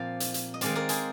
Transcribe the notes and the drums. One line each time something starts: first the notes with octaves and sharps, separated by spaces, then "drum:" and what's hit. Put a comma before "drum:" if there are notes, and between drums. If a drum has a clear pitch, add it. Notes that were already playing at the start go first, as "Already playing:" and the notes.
Already playing: A#2 F3 C4 D5 F5
drum: hi-hat
drum: hi-hat
D#5
D#3 G#3 C4 D5 F5, drum: hi-hat
A#4 D5
G#4 C5, drum: hi-hat